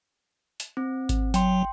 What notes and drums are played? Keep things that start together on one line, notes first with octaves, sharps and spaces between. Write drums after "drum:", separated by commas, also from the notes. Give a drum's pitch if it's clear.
drum: hi-hat
C4
drum: kick G#1, hi-hat
F#3 G5 C6, drum: hi-hat